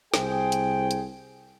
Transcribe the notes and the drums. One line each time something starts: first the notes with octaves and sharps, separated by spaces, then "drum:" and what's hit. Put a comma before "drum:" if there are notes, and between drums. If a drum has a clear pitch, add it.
C2 G#4 C5 G5, drum: snare
drum: hi-hat
drum: hi-hat